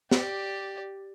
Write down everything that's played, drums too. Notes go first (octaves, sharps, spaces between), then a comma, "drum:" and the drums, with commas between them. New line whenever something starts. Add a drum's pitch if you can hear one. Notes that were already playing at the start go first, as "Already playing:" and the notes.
G4 D5, drum: snare